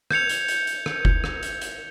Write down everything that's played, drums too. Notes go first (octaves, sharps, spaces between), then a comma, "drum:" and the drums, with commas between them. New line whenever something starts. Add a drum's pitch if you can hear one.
G6 G#6 C#7 F7, drum: rim click
drum: hi-hat
drum: hi-hat
drum: hi-hat
drum: rim click
drum: kick F1
drum: rim click
drum: hi-hat
drum: hi-hat